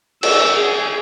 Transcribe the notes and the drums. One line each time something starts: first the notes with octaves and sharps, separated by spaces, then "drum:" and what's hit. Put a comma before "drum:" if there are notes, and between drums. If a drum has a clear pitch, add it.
E6, drum: cymbal
G#4